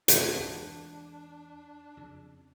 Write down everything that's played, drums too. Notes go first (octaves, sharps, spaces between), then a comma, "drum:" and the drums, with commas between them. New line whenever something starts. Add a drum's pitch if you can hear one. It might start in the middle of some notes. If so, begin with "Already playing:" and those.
D4, drum: hi-hat
E2 G#3
F2 C#3